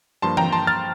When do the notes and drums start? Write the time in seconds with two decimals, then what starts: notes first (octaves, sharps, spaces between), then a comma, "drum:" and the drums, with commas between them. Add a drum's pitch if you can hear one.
0.22 G2 F3 A#3 F4 A5 C6
0.37 G5 A#5, drum: tom E3
0.52 A5 C6
0.67 F6 A6